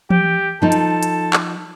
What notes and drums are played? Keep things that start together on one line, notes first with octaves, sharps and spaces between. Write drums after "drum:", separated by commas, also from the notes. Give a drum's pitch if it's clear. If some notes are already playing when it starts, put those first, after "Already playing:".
G4, drum: tom E3
F3 D#4 A4
drum: hi-hat
drum: hi-hat
drum: clap